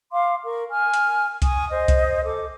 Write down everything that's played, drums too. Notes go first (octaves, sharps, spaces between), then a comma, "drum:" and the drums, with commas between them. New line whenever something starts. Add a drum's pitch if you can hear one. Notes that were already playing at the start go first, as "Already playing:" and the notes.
F5 C6 D6
A#4 C#6
G#5 F6
drum: hi-hat
G#5 C#6 D#6, drum: kick C2, hi-hat
C5 D#5
drum: kick C2, hi-hat
A4 D6